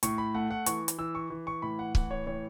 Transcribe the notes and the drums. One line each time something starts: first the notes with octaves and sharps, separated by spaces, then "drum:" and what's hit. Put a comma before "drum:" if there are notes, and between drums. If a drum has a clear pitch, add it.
A2 C#6, drum: hi-hat
B5
A3 F#5
F#5
E3 C#6, drum: hi-hat
drum: hi-hat
E3 E6
C#6
E3
C#6
A2 B5
F#5
E3 F#5, drum: kick C#1
C#5
A2 C#5